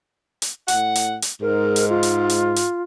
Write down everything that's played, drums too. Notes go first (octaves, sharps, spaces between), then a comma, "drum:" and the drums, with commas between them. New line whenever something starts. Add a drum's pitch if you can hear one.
drum: hi-hat
A2 F#5, drum: hi-hat
drum: hi-hat
drum: hi-hat
G#2 A#4
drum: hi-hat
F4
drum: hi-hat
drum: hi-hat
drum: hi-hat